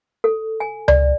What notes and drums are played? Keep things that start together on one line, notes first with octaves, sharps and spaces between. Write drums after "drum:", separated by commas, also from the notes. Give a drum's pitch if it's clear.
A4
G#5
D5, drum: tom C#2